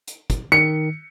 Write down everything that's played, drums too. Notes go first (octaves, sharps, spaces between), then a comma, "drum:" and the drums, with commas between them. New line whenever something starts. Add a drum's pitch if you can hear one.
drum: hi-hat
drum: kick, hi-hat
D#3 C#7